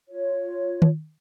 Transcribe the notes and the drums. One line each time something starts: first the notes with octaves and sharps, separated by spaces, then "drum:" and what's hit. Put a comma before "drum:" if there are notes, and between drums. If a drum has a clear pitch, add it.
F4 C#5
drum: tom